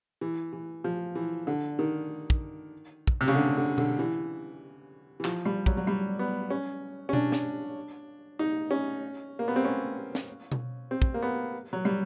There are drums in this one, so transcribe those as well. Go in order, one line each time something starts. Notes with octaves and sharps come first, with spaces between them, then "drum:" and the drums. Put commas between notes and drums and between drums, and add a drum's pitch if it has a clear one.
E3
E3
F3
E3
D3
D#3
drum: kick
drum: kick
C3
C#3, drum: hi-hat
D3
D3
D3, drum: tom B2
E3
E3
F3, drum: clap
G3
F#3, drum: kick
F#3
G3
B3
C#4
C#4
D4, drum: tom B2
drum: snare
D#4
C#4
A#3
B3
C4
C#4
drum: snare
drum: tom B2
C4
drum: kick
A#3
B3
F#3
G3